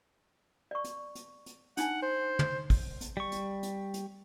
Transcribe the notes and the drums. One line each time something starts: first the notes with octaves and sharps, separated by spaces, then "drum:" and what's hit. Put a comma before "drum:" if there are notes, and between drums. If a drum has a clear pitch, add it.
D5 C#6
drum: hi-hat
drum: hi-hat
drum: hi-hat
D4 D#4 F#5 G#5, drum: hi-hat
C5
drum: tom
drum: kick, open hi-hat
drum: hi-hat
G3 C#6
drum: hi-hat
drum: hi-hat
drum: hi-hat